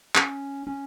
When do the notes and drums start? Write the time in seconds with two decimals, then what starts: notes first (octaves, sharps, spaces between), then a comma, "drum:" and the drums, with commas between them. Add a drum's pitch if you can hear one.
0.15 C#4, drum: clap
0.67 C#4